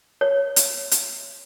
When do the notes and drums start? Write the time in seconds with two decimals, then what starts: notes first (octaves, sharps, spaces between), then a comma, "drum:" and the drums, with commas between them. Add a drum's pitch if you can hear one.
0.21 C#5
0.56 drum: hi-hat
0.91 drum: hi-hat